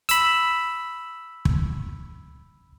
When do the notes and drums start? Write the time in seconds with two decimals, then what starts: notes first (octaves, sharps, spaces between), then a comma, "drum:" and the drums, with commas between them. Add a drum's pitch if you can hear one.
0.09 B5 E6, drum: hi-hat
1.45 drum: kick